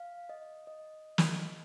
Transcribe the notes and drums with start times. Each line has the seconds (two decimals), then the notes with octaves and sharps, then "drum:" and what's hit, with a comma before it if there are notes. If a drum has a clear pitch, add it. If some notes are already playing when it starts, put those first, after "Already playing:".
Already playing: F5
0.29 D#5
0.67 D#5
1.18 drum: snare